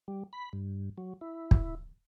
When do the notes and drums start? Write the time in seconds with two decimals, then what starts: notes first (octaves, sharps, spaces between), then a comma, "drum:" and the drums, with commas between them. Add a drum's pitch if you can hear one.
0.08 G3
0.33 B5
0.53 G2
0.98 F#3
1.21 E4
1.51 drum: kick